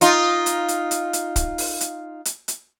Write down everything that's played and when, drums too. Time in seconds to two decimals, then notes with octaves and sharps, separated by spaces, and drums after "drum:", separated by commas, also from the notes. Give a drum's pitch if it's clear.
0.01 D#4 F4, drum: hi-hat
0.46 drum: hi-hat
0.68 drum: hi-hat
0.91 drum: hi-hat
1.13 drum: hi-hat
1.36 drum: kick, hi-hat
1.58 drum: open hi-hat
1.81 drum: hi-hat
2.25 drum: hi-hat
2.48 drum: hi-hat